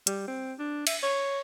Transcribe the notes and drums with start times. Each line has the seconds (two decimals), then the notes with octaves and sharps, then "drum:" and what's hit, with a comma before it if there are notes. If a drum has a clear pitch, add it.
0.07 G3, drum: hi-hat
0.28 C4
0.59 D4
0.87 E5, drum: cymbal
1.03 C#5